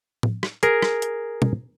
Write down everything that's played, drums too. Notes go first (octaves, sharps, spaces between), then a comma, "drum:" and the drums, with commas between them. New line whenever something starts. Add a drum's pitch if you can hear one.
drum: tom A2
drum: rim click
G#4 A#4, drum: hi-hat
drum: rim click
drum: hi-hat
drum: tom